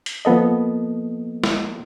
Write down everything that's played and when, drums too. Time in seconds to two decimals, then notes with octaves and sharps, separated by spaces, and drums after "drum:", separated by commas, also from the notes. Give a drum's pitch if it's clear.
0.06 drum: hi-hat
0.25 F3 A#3 B3 A4 D#5
1.44 drum: snare